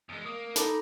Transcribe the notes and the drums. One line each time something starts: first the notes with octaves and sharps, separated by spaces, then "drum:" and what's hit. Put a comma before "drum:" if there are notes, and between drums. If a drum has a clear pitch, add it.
E2 G#3
A#3 D#6
D#4 A4 B5 D6, drum: hi-hat